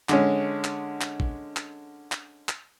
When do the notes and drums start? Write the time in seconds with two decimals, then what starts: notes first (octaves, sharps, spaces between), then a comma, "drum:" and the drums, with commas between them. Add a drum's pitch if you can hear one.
0.09 D3 G#3 C#4, drum: clap
0.64 drum: clap
1.01 drum: clap
1.20 drum: kick G#1
1.57 drum: clap
2.12 drum: clap
2.49 drum: clap